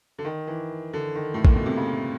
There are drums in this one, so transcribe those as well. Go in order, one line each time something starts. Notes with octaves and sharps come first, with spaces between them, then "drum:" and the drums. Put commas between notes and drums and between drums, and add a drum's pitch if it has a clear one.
D3
D#3
E3
D3
D#3
A2
A#2, drum: kick
B2
C3
C#3